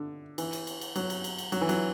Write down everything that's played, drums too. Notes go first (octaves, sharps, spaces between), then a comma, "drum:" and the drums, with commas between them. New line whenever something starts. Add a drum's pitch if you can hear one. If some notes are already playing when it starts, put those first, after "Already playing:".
Already playing: D3
E3, drum: cymbal
drum: cymbal
drum: cymbal
drum: cymbal
F#3, drum: cymbal
drum: cymbal
drum: cymbal
drum: cymbal
F#3, drum: cymbal
E3
F#3, drum: cymbal